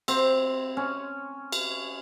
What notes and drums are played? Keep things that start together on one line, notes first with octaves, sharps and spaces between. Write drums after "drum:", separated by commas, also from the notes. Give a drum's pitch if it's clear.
C4, drum: cymbal
C#4
drum: cymbal